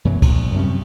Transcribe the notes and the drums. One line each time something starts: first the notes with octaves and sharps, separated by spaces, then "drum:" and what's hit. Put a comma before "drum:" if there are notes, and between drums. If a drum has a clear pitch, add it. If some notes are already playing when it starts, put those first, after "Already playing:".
F#2 B2 E3 F#3
A#1, drum: kick, cymbal
F#2 C3 G3 C#4